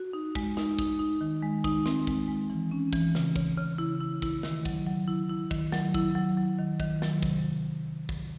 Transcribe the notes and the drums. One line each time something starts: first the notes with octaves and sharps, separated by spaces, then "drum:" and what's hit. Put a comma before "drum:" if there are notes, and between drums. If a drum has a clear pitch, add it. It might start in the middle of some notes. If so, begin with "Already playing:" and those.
Already playing: F#4
D#4
G#3, drum: kick
D#4, drum: snare
D#4, drum: kick
D#4
D#3
G#3
D#4, drum: kick
C4, drum: snare
G#3, drum: kick
G#3
E3
C#4
E3, drum: kick
C#3, drum: snare
C#3, drum: kick
C#3
E4
E4
E4, drum: kick
D#3, drum: snare
F#3, drum: kick
F#3
E4
E4
D#3, drum: kick
F#3, drum: snare
E4, drum: kick
F#3
F#3
D#3
D#3, drum: kick
F#3, drum: snare
C3, drum: kick
drum: kick